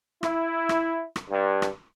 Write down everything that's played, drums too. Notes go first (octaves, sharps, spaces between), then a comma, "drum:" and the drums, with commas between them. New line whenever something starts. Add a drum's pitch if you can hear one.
E4, drum: rim click
drum: rim click
drum: rim click
G2
drum: rim click